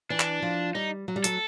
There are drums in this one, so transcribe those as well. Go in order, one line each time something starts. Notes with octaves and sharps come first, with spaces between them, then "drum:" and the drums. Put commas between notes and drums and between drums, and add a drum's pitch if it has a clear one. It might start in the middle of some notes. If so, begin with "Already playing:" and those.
E3 D4
drum: clap
F3
G3 D#4
F#3
G3
F#3 A4, drum: hi-hat